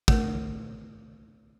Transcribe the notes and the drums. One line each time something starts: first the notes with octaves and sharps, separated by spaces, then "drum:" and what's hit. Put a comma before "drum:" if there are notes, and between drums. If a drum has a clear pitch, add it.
A3 A#4, drum: kick